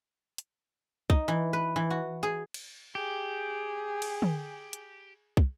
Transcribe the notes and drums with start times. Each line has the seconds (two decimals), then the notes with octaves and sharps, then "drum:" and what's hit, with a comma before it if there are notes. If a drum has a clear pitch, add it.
0.38 drum: hi-hat
1.10 D#4, drum: kick
1.28 E3
1.53 B4
1.76 E3
1.90 F#4
2.23 G#4
2.54 drum: cymbal
2.95 G4 G#4
4.02 drum: cymbal
4.22 drum: tom
4.73 drum: hi-hat
5.37 drum: kick